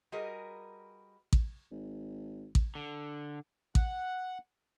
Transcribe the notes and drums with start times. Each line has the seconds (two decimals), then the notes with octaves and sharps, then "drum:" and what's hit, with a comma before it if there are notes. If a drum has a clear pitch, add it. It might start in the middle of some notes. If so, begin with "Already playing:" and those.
0.12 G3 F#4 G#4 A#4 B4 D#5
1.33 drum: kick A1
1.71 G#1
2.55 drum: kick A1
2.75 D3
3.75 F#5, drum: kick A1